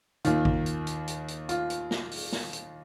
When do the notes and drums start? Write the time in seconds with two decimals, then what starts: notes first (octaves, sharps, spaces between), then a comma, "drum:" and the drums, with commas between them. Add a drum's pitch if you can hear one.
0.25 D#2 D#3 F4, drum: hi-hat
0.45 drum: kick A1
0.66 drum: hi-hat
0.87 drum: hi-hat
1.08 drum: hi-hat
1.28 drum: hi-hat
1.49 F4, drum: hi-hat
1.70 drum: hi-hat
1.91 drum: snare
2.11 drum: open hi-hat
2.32 drum: snare
2.53 drum: hi-hat